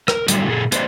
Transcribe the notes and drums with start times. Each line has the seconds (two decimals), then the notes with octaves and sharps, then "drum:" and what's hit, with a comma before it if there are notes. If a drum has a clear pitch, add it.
0.08 A#4, drum: rim click
0.28 A2 D3 F#3 G3 A3, drum: hi-hat
0.48 A#2 G#4 A4
0.72 A#3 B4 C5 D5 D#5, drum: hi-hat